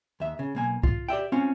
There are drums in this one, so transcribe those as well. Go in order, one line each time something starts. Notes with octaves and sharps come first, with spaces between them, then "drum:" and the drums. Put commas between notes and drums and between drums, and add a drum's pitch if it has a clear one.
D#2 E5
C#3
B1 A#3 G#5
F4, drum: kick C2
G4 D5 E5 G5
C4 C#4 F4